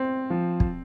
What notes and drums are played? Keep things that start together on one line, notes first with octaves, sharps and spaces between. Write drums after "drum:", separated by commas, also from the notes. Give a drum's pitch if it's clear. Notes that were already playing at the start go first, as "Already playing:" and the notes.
Already playing: C4
F3
drum: kick